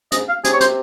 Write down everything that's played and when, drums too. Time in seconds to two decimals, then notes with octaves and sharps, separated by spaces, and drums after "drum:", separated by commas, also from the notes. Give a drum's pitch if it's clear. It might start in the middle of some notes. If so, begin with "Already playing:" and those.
0.12 G#2 D#5, drum: hi-hat
0.28 F5
0.44 C3 G#4, drum: hi-hat
0.53 C#5
0.60 C5, drum: hi-hat